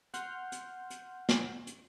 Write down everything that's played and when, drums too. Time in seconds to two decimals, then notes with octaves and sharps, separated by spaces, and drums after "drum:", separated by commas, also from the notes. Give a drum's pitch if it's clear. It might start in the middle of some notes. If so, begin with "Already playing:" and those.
0.14 F#5 C6 F6 G6, drum: hi-hat
0.52 drum: hi-hat
0.90 drum: hi-hat
1.29 drum: snare
1.67 drum: hi-hat